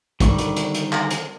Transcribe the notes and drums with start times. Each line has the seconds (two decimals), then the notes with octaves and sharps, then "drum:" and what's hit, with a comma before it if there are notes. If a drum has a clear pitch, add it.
0.20 D3 D#3 G3 C#6, drum: kick, hi-hat
0.38 drum: hi-hat
0.56 drum: hi-hat
0.75 drum: hi-hat
0.93 drum: clap
1.11 drum: hi-hat